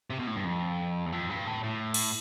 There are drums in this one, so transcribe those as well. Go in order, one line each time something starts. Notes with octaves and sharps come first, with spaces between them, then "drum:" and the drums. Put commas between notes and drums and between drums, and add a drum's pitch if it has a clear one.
C3
B2
A2
G2
F2
E2
F2
G2
A2
A2
drum: cymbal